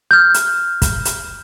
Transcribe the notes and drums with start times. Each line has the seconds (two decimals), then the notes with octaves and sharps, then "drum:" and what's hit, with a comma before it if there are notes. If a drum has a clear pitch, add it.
0.11 F6 G6
0.34 drum: hi-hat
0.82 drum: kick, hi-hat
1.05 drum: hi-hat